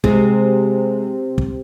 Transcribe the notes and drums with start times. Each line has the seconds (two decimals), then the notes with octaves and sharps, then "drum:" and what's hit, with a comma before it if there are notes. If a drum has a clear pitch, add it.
0.04 C3 G#3, drum: kick
1.38 drum: kick